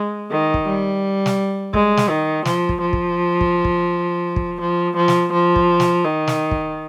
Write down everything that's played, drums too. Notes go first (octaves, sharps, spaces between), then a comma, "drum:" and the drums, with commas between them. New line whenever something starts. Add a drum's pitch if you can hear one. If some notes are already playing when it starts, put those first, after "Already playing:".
Already playing: G#3
D#3
drum: kick
G3
drum: snare
G#3, drum: kick
drum: snare
D#3
F3, drum: snare
drum: kick
F3
drum: kick
drum: kick
drum: kick
drum: kick
F3
F3
drum: snare
F3
drum: kick
drum: snare
D#3
drum: snare
drum: kick